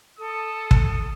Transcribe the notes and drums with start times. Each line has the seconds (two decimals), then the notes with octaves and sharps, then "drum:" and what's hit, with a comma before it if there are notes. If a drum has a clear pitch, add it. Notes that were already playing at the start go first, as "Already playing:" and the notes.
0.19 A4 D#6
0.71 drum: kick